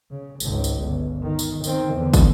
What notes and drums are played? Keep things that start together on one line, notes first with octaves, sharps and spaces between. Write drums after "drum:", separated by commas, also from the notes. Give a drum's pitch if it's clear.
C#3
G#1 C#2, drum: tambourine
drum: tambourine
G1
D#3
drum: tambourine
D#3 C4, drum: tambourine
E2 D3
drum: kick, tambourine